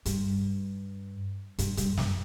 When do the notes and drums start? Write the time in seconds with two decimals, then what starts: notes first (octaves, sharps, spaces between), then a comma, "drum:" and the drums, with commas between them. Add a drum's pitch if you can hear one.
0.05 G2, drum: hi-hat
1.58 G2, drum: hi-hat
1.77 G2, drum: hi-hat
1.97 F#2, drum: snare